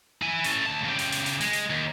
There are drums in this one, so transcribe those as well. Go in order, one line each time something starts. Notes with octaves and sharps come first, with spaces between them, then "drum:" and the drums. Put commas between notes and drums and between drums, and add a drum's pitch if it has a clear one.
E4 G#5
C#4 A4, drum: hi-hat
D2 A5
C#3 G4
drum: hi-hat
drum: hi-hat
drum: hi-hat
G#3, drum: hi-hat
drum: hi-hat
D#2